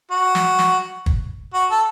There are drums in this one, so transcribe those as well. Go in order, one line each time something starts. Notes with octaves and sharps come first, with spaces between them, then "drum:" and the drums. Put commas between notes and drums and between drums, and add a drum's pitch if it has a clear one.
F#4
drum: snare
drum: snare
drum: kick
F#4
A4